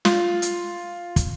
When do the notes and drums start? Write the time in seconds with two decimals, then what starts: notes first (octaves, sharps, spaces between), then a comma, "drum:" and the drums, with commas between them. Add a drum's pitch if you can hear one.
0.05 F4, drum: snare
0.42 drum: hi-hat
1.16 drum: kick, hi-hat